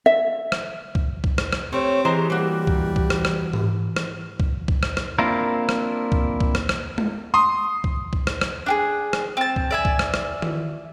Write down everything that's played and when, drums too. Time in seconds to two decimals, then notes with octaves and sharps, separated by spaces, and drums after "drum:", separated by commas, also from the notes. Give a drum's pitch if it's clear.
0.06 E5
0.52 drum: rim click
0.95 drum: kick C2
1.24 drum: kick C2
1.38 drum: rim click
1.52 drum: rim click
1.73 A3 C4 G4 C#5
2.05 E3 G#3 C5 A#5
2.30 G3 A#3 F#4
2.67 drum: kick C2
2.96 drum: kick C2
3.10 drum: rim click
3.25 drum: rim click
3.53 drum: tom G#2
3.96 drum: rim click
4.40 drum: kick C2
4.68 drum: kick C2
4.83 drum: rim click
4.97 drum: rim click
5.19 A#3 C4 D4 E4 F4 A#4
5.69 drum: rim click
6.12 drum: kick C2
6.40 drum: kick C2
6.55 drum: rim click
6.69 drum: rim click
6.98 drum: tom G#3
7.34 C6 D#6
7.84 drum: kick C2
8.13 drum: kick C2
8.27 drum: rim click
8.41 drum: rim click
8.66 D4 G4 G#4
9.13 drum: rim click
9.37 C4 A5
9.56 drum: kick C2
9.71 D5 E5 G#5
9.85 drum: kick C2
9.99 drum: rim click
10.14 drum: rim click
10.42 drum: tom D#3